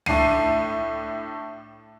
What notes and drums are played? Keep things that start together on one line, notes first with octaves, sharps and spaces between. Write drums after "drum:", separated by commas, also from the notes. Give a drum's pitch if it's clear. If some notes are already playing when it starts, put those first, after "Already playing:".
A2 A3 D4 C7 D#7, drum: tom